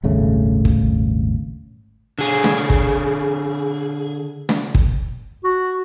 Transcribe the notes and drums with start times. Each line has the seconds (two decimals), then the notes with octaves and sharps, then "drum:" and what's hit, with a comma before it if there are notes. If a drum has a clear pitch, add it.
0.03 D#1 G#1 C#3 A3
0.65 drum: kick
2.19 D3 G#4
2.44 drum: snare
2.70 drum: kick
4.49 drum: snare
4.75 drum: kick
5.44 F#4